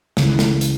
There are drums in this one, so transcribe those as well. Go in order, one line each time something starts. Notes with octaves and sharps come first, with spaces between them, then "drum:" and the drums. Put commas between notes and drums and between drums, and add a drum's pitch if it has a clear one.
C#2 C#3 E3, drum: snare
drum: snare
drum: hi-hat